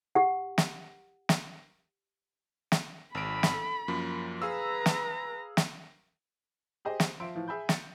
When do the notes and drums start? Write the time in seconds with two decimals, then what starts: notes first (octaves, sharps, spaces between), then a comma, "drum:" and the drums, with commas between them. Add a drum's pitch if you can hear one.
0.15 G4 F#5
0.58 drum: snare
1.29 drum: snare
2.72 drum: snare
3.15 G#1 B5 D7
3.43 drum: snare
3.54 A4
3.88 F#2 F3 A#3
4.42 G#4 B4 F5 A#5 E6
4.86 drum: snare
5.57 drum: snare
6.85 G4 G#4 C5 D#5
7.00 drum: snare
7.20 F3 E5 C6 D7
7.35 A2 E3 F3
7.48 G#4 E5 G#5 B5 G6
7.69 A6 C#7, drum: snare